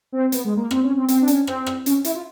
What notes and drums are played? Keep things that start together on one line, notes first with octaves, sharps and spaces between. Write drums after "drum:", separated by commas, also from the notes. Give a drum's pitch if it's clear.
C4
B3, drum: hi-hat
G#3
A#3
C4, drum: rim click
C#4
C4
C4, drum: hi-hat
D4
C#4, drum: hi-hat
C4, drum: rim click
drum: rim click
C#4, drum: hi-hat
E4, drum: hi-hat
F4